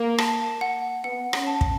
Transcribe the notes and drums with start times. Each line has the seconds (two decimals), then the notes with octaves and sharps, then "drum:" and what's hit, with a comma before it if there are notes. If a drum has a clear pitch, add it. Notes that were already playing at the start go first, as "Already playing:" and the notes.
Already playing: A#3
0.18 A5, drum: rim click
0.61 F#5
1.04 B3 F#5
1.33 C#4, drum: rim click
1.47 A5
1.61 drum: kick